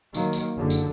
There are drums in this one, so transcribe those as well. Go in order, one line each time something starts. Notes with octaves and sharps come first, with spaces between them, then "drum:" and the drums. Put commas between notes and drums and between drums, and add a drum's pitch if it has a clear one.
D#3 F#3 A#3, drum: tambourine
drum: tambourine
F#1 D3
drum: tambourine